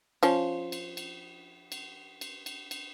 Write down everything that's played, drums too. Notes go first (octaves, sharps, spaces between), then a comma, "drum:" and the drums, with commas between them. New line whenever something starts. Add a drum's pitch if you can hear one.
F3 C#4, drum: cymbal
drum: cymbal
drum: cymbal
drum: cymbal
drum: cymbal
drum: cymbal
drum: cymbal